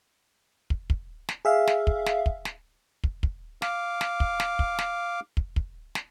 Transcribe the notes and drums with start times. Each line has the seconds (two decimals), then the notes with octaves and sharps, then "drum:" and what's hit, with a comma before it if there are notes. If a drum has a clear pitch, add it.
0.70 drum: kick
0.90 drum: kick
1.29 drum: snare
1.45 G#4 E5 F5
1.67 drum: snare
1.87 drum: kick
2.06 drum: snare
2.26 drum: kick
2.45 drum: snare
3.04 drum: kick
3.23 drum: kick
3.62 F5 D6, drum: snare
4.01 drum: snare
4.20 drum: kick
4.40 drum: snare
4.59 drum: kick
4.79 drum: snare
5.37 drum: kick
5.56 drum: kick
5.95 drum: snare